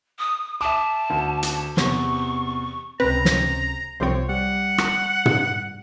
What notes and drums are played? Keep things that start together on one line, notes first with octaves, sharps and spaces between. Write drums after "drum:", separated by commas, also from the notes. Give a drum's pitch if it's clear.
D#6
E5 A5 D6
D2
drum: hi-hat
E2 C3 C#6, drum: snare
C#2 C3 C4 B4 A#5
drum: snare
C2 F3 C4 C5 C#5
G3 F#5
drum: rim click
drum: tom